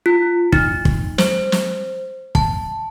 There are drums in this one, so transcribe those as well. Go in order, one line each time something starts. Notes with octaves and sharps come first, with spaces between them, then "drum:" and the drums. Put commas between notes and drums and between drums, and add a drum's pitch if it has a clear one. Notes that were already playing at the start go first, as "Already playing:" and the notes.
F4
D#4, drum: kick
drum: kick
C5, drum: snare
drum: snare
A5, drum: kick